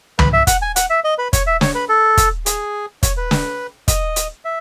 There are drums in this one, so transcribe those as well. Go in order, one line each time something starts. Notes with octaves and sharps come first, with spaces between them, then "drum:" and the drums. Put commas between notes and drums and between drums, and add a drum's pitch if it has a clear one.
B4, drum: tom
E5
F#5, drum: kick, hi-hat
G#5
F#5, drum: hi-hat
E5
D#5
B4
C#5, drum: kick, hi-hat
E5
C#5, drum: snare
B4
A4
drum: kick, hi-hat
G#4, drum: hi-hat
C#5, drum: kick, hi-hat
B4
drum: snare
D#5, drum: kick, hi-hat
drum: hi-hat
E5